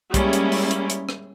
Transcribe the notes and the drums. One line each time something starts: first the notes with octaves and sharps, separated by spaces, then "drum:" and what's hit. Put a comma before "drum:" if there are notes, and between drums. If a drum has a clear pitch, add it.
G3 G#3 A#3 C#4 E4, drum: kick, hi-hat
drum: hi-hat
drum: open hi-hat
drum: hi-hat
drum: hi-hat
drum: rim click